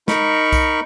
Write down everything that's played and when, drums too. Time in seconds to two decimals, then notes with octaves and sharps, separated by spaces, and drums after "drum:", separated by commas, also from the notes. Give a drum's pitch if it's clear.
0.08 D#4 A#4 B5 C#6, drum: snare
0.53 drum: kick, tambourine